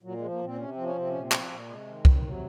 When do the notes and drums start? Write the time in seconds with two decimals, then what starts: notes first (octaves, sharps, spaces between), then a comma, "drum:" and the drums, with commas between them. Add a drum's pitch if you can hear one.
0.03 A#2 F#3
0.17 F3 G#3
0.31 A#3
0.41 A#2 C4
0.57 C3 C#4
0.71 F3 C4
0.84 C#4
0.95 C3 C4
1.09 A#2 C#4
1.23 C4
1.32 F3, drum: clap
1.50 A#2
1.68 C3 G#3
1.86 D#3
2.05 C3, drum: kick
2.24 C3 F#3